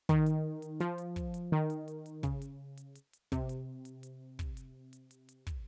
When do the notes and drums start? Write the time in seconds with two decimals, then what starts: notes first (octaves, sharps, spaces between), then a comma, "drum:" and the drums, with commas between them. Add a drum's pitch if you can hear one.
0.09 D#3, drum: kick, hi-hat
0.26 drum: hi-hat
0.62 drum: hi-hat
0.80 F3, drum: hi-hat
0.98 drum: hi-hat
1.16 drum: kick, hi-hat
1.34 drum: hi-hat
1.52 D#3
1.70 drum: hi-hat
1.88 drum: hi-hat
2.06 drum: hi-hat
2.23 C#3, drum: kick, hi-hat
2.42 drum: hi-hat
2.77 drum: hi-hat
2.95 drum: hi-hat
3.13 drum: hi-hat
3.32 C3, drum: kick, hi-hat
3.49 drum: hi-hat
3.85 drum: hi-hat
4.03 drum: hi-hat
4.39 drum: kick, hi-hat
4.57 drum: hi-hat
4.93 drum: hi-hat
5.11 drum: hi-hat
5.29 drum: hi-hat
5.47 drum: kick, hi-hat